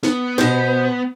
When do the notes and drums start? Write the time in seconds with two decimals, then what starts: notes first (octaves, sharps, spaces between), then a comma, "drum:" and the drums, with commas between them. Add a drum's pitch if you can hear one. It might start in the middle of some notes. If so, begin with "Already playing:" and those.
0.03 B3, drum: snare
0.38 B2 C5, drum: snare